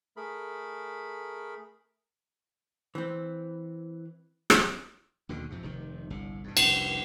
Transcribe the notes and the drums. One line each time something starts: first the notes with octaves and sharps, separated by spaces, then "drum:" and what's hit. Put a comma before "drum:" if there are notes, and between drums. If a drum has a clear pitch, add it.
A3 G#4 A#4 B5
E3 C4
drum: rim click
D#2 B2 D3 D#3
F2 G#2 C3
F1 C3 D#3
G1 C2 A2
G2 B2
F1 C2, drum: cymbal